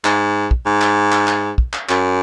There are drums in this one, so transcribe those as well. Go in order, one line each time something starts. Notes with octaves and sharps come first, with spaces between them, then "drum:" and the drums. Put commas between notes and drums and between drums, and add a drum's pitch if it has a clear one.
G#2, drum: clap
drum: kick
G#2
drum: clap
drum: clap
drum: clap
drum: kick
drum: clap
F#2, drum: clap